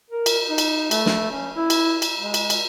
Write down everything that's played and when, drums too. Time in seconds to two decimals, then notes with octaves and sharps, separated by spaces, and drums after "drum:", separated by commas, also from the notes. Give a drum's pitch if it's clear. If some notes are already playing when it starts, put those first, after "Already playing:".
0.10 A#4
0.26 drum: cymbal
0.49 D#4
0.58 drum: cymbal
0.91 A3, drum: cymbal
1.06 drum: snare
1.31 C#4
1.56 E4
1.70 drum: cymbal
2.02 drum: cymbal
2.18 G#3
2.34 drum: cymbal
2.50 drum: cymbal